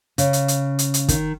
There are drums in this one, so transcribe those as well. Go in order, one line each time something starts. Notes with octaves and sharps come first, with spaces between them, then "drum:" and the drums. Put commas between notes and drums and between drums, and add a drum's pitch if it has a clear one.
C#3, drum: hi-hat
drum: hi-hat
drum: hi-hat
drum: hi-hat
drum: hi-hat
D#3, drum: kick, hi-hat